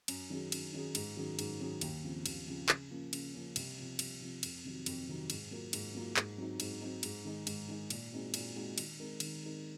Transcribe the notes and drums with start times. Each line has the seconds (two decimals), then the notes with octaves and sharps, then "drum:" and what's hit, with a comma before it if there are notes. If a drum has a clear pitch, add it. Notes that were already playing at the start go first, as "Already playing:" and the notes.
0.08 F#2, drum: cymbal
0.30 D#3 F#3 C#4 G#4
0.52 F#2, drum: cymbal
0.73 D#3 F#3 C#4 G#4
0.95 G#2, drum: cymbal
1.17 D#3 F#3 C#4 G#4
1.39 G#2, drum: cymbal
1.60 D#3 F#3 C#4 G#4
1.81 D#2, drum: cymbal
2.03 C#3 F3 C4
2.26 D#2, drum: cymbal
2.47 C#3 F3 C4
2.69 C#3, drum: clap
2.91 F3 A#3 C#4
3.13 C#3, drum: cymbal
3.34 F3 A#3 C#4
3.56 C2, drum: cymbal
3.77 C3 F3 C4
3.99 C2, drum: cymbal
4.21 C3 F3 C4
4.43 F2, drum: cymbal
4.64 C3 D#3 F#3
4.86 F2, drum: cymbal
5.08 C3 D#3 F#3
5.30 G#2, drum: cymbal
5.51 F#3 A#3 F4 A#4
5.73 G#2, drum: cymbal
5.95 F#3 A#3 F4 A#4
6.16 G#2, drum: clap
6.38 F#3 C4 D#4
6.60 G#2, drum: cymbal
6.81 F#3 C4 D#4
7.03 G#2, drum: cymbal
7.25 D#3 G#3 D#4
7.47 G#2, drum: cymbal
7.68 D#3 G#3 D#4
7.90 A#2, drum: cymbal
8.12 G#3 C4 D#4 F#4
8.34 A#2, drum: cymbal
8.56 G#3 C4 D#4 F#4
8.78 D#3, drum: cymbal
8.99 G#3 C4 D#4 A#4
9.20 D#3, drum: cymbal
9.42 G#3 C4 D#4 A#4